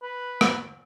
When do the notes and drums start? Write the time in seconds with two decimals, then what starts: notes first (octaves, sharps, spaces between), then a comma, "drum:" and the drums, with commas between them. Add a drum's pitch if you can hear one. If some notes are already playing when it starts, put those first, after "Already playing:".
0.03 B4
0.41 drum: rim click